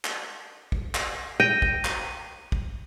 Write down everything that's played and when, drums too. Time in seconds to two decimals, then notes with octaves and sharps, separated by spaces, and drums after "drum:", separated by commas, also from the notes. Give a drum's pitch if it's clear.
0.05 drum: clap
0.72 drum: kick
0.95 drum: clap
1.40 G5 A#6 D#7
1.62 drum: kick
1.85 drum: clap
2.52 drum: kick